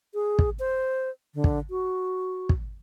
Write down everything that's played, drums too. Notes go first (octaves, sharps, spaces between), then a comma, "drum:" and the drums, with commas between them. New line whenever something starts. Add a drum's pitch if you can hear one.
G#4
drum: kick
C5
D3
drum: kick
F#4
drum: kick